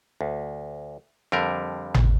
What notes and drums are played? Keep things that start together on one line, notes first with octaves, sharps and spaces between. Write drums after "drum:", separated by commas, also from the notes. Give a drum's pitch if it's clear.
D2
F2 D3 G3 A#4
drum: tom G#1